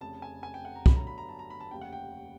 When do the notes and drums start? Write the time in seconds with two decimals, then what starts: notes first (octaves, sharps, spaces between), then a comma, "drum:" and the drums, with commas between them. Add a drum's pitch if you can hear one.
0.01 F1 F2 C#3 A5
0.22 G#5
0.43 G#5
0.54 G5
0.65 F#5
0.76 A#5
0.86 G1 G2 D3 F#3 B5, drum: kick
0.96 A#5
1.07 B5
1.18 A#5
1.29 A5
1.39 A#5
1.50 B5
1.60 A5
1.71 F1 D#2 C#3 G5
1.81 F#5
1.93 G5